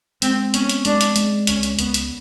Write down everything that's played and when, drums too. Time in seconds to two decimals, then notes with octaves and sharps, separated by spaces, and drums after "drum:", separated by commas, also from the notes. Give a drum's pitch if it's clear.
0.22 G#3 C4, drum: hi-hat
0.54 B3 C#4, drum: hi-hat
0.69 drum: hi-hat
0.85 G#3 D4, drum: hi-hat
1.01 drum: hi-hat
1.16 G#3, drum: hi-hat
1.47 C#2 C#4, drum: hi-hat
1.63 drum: hi-hat
1.79 C#2 B3, drum: hi-hat
1.94 drum: hi-hat